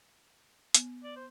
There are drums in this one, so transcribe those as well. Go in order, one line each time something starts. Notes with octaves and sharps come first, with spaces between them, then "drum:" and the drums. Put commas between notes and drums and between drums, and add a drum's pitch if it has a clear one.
B3, drum: hi-hat
D5
C5